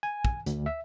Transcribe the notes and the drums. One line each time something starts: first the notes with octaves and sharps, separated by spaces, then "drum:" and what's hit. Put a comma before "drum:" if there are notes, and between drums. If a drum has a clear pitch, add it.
G#5
drum: kick
D2, drum: hi-hat
E5